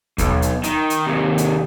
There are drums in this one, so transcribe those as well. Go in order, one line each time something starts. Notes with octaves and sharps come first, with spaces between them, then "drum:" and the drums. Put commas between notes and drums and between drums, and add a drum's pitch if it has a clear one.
B1, drum: kick D#2, hi-hat
drum: hi-hat
D#3, drum: hi-hat
drum: hi-hat
D#2 C3
drum: hi-hat